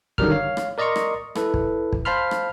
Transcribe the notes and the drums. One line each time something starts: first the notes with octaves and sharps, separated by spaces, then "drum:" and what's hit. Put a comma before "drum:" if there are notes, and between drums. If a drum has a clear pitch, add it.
D3 D#3 F#3 G3 A#4 F6, drum: kick
C#5 F5
drum: rim click
A#4 D5 D#5 A#5 C6 C#6
drum: rim click
E4 A4 B4, drum: rim click
drum: kick
drum: kick
C5 F5 A5 B5 C6 F6
drum: rim click